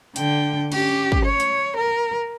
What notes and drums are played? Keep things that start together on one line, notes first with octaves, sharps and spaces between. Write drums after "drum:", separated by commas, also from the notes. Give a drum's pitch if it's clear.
D3 G5, drum: hi-hat
C#4 G4, drum: cymbal
drum: kick
C#5
drum: hi-hat
A#4